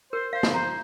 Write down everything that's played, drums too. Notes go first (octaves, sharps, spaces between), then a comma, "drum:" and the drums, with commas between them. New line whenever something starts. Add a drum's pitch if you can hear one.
A#4 C5
C5 F5
drum: snare
C5 A#5